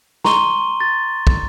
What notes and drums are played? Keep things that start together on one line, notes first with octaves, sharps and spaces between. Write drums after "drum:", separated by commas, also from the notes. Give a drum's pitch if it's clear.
A#5 C6 C#6 D#7 G7, drum: snare
A6
drum: kick